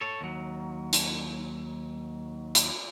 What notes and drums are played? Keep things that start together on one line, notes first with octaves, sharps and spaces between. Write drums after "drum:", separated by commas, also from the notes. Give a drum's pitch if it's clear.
A4 C#5
D#2 F#3
drum: hi-hat
drum: hi-hat